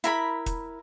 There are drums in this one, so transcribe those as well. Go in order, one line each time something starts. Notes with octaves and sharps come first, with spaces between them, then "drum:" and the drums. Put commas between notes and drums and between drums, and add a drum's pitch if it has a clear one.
E4 A#4 B5, drum: hi-hat
drum: kick, hi-hat